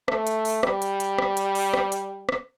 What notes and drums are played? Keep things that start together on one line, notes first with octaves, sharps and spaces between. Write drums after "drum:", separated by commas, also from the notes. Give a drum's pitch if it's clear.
A3, drum: rim click
drum: hi-hat
drum: open hi-hat
G3, drum: rim click
drum: hi-hat
drum: hi-hat
drum: rim click
drum: hi-hat
drum: open hi-hat
drum: rim click
drum: hi-hat
drum: rim click